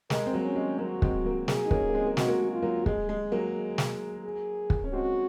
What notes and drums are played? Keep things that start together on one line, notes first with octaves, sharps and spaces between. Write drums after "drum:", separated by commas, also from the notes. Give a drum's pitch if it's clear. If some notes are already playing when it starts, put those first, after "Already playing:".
G#3 A#4, drum: snare
C4
F#3 A#3
C#4
G#3
F#3 A#3 F#4
G#3 C4, drum: kick
F#3 A#3
F#3 A#3 G#4, drum: snare
D#4
A#3 C#4, drum: kick
A#3
G#3 C4
A#3
G#3 C4 F#4, drum: snare
A#3
G#3
F4
F#3 A#3
G#3 G#4, drum: kick
G#3
F#3 A#3
G#4
drum: snare
G#4
drum: kick
C#4
G#3 C4 F#4